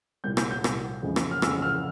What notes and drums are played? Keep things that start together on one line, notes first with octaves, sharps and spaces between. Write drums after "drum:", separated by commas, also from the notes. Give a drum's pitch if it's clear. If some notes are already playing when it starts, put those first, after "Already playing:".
C2 A#2 G3 G6
G6, drum: rim click
G6
C2 A#2 G3, drum: rim click
F2 C#3 E3 G#3
drum: rim click
F6
F2 C#3 E3 G#3 E6, drum: rim click
F6